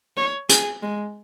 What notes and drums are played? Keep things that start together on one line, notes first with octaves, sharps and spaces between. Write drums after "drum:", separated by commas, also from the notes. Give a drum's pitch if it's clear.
C#5
G#4, drum: hi-hat
G#3